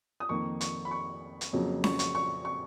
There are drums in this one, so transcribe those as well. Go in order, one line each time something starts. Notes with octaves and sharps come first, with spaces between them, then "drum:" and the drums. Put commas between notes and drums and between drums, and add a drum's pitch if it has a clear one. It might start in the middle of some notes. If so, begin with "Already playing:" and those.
D#6
F2 D#3 A#3 C#6
C#6, drum: hi-hat
B5
C#6
drum: hi-hat
F2 C#3 F#3 A#3
C#6, drum: snare C#4
C#6, drum: hi-hat
C#6
C#6